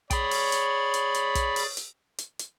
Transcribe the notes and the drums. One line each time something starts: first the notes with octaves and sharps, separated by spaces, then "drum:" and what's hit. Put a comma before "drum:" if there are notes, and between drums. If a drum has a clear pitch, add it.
G#4 C#5 D5 G5 B5, drum: kick, hi-hat
drum: open hi-hat
drum: hi-hat
drum: hi-hat
drum: hi-hat
drum: kick, hi-hat
drum: open hi-hat
drum: hi-hat
drum: hi-hat
drum: hi-hat